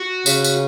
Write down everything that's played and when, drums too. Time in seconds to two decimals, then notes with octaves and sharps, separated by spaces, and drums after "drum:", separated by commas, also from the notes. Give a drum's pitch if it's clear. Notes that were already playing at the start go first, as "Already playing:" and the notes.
Already playing: F#4
0.26 C#3, drum: tambourine
0.44 drum: tambourine